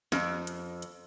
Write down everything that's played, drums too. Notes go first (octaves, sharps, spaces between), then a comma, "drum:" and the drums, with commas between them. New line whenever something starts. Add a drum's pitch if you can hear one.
F2, drum: snare
drum: hi-hat
drum: hi-hat